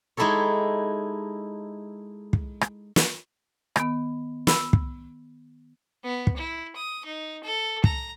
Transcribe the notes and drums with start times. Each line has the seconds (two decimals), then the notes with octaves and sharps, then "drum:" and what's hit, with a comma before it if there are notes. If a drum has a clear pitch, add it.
0.17 G#3 D#4 E4 G4 A4 C#5
2.33 drum: kick
2.61 drum: rim click
2.96 drum: snare
3.76 D#3 B3, drum: rim click
4.47 B5 E6, drum: snare
4.73 drum: kick
6.04 B3
6.27 drum: kick
6.36 E4
6.75 D#6
7.05 D#4
7.44 A4
7.84 A#5, drum: kick